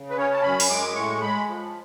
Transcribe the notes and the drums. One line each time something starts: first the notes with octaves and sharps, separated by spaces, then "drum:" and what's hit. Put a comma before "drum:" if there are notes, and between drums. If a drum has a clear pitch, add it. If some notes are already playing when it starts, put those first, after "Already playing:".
Already playing: C#3
B4
C#4 C#5
A5
F#2 B5
drum: open hi-hat
G#3 D6
A2 C#6
G#3 B5
F3